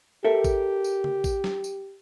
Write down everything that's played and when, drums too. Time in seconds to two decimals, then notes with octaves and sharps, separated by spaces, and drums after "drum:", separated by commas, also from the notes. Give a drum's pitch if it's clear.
0.24 G4 A4 A#4 E5
0.44 drum: kick A1, tambourine
0.84 drum: tambourine
1.04 drum: tom C#3
1.24 drum: kick A1, tambourine
1.44 drum: snare
1.64 drum: tambourine